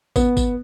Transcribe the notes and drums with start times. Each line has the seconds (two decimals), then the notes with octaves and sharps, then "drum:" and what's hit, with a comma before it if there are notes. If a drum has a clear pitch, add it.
0.16 B3, drum: kick, tambourine
0.37 drum: kick, tambourine